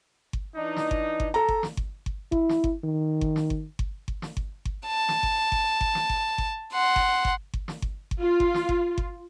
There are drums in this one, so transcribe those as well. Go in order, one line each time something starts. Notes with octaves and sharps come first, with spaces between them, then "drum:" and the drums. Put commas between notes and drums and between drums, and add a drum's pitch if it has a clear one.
drum: kick G1
E3 D4 D#4
drum: snare
drum: kick G1
drum: kick G1
A4 A#5
drum: kick G1
drum: snare
drum: kick G1
drum: kick G1
E4, drum: kick G1
drum: snare
drum: kick G1
D#3
drum: kick G1
drum: snare
drum: kick G1
drum: kick G1
drum: kick G1
drum: snare
drum: kick G1
drum: kick G1
A5
drum: snare
drum: kick G1
drum: kick G1
drum: kick G1
drum: snare
drum: kick G1
drum: kick G1
F#5 C6
drum: kick G1
drum: kick G1
drum: kick G1
drum: snare
drum: kick G1
drum: kick G1
F4
drum: kick G1
drum: snare
drum: kick G1
drum: kick G1